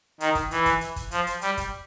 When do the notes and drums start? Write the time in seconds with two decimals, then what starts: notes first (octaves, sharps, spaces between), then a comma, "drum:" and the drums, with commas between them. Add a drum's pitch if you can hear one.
0.20 D#3, drum: hi-hat
0.35 drum: kick, hi-hat
0.51 E3, drum: hi-hat
0.66 drum: kick, hi-hat
0.81 drum: hi-hat
0.96 drum: kick, hi-hat
1.11 F3, drum: hi-hat
1.27 drum: hi-hat
1.42 G3, drum: hi-hat
1.57 drum: kick, hi-hat